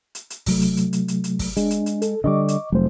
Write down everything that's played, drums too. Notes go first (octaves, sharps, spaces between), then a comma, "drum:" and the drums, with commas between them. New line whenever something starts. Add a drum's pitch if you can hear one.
drum: hi-hat
drum: hi-hat
C3 F#3 A3, drum: kick, open hi-hat
drum: hi-hat
drum: hi-hat
drum: hi-hat
drum: hi-hat
drum: hi-hat
drum: kick, open hi-hat
G#3 D4, drum: hi-hat
drum: hi-hat
drum: hi-hat
A4, drum: hi-hat
D3 D#3 G3 D#5 C#6 D6
drum: hi-hat
F1 F#3 A3 C5